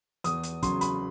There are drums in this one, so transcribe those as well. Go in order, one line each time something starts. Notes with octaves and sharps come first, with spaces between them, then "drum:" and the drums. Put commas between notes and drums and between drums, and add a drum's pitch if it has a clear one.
E2 D#6, drum: hi-hat
drum: hi-hat
C#3 F#3 C6, drum: kick, hi-hat
B5, drum: hi-hat